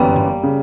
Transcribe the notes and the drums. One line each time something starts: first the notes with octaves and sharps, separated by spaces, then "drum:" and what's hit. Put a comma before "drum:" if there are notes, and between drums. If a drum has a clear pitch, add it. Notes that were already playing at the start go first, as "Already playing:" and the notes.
Already playing: G1 F#2 E3 G3 A#3 B3
drum: tom F#2
C#3